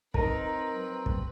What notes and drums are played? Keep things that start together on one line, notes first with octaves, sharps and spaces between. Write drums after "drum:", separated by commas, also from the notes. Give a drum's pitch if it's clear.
C4 D#4 A#4 B4, drum: kick
F#3
drum: kick